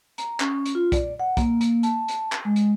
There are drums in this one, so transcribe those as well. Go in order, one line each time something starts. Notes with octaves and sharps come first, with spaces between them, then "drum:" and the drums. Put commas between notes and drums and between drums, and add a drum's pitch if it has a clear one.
A#5, drum: hi-hat
C#4, drum: clap
drum: hi-hat
F4
D5, drum: kick, hi-hat
F#5
A#3, drum: kick, hi-hat
A#3, drum: hi-hat
A5, drum: hi-hat
drum: hi-hat
drum: clap
G#3
drum: hi-hat